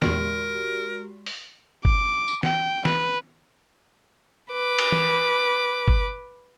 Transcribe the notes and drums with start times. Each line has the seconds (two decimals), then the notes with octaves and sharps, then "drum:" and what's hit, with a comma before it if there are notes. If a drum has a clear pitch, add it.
0.02 E2 A#2 D3 G#3 F#4 G4 A#4, drum: snare
1.26 drum: open hi-hat
1.85 D6, drum: kick G1
2.28 drum: tambourine
2.43 G5, drum: snare
2.85 B4, drum: snare
4.51 B4 D6
4.78 drum: cymbal
4.92 drum: tom E3
5.88 drum: kick G1